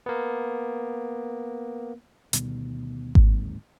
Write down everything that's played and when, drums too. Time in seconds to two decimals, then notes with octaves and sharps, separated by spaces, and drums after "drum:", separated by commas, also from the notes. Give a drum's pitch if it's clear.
0.06 A#3 B3
2.33 D2 B2 D#3 G3, drum: hi-hat
3.15 D1 D#2 G#2 C4, drum: kick G#1